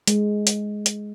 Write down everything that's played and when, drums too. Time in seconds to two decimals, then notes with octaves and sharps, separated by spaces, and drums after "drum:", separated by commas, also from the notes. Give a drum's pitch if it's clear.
0.07 G#3, drum: hi-hat
0.47 drum: hi-hat
0.86 drum: hi-hat